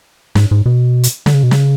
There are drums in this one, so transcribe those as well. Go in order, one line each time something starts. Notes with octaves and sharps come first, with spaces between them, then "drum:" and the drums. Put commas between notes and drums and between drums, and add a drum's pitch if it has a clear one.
G#2, drum: snare
G#2
B2
drum: hi-hat
D3, drum: snare
C#3
B2
C#3, drum: snare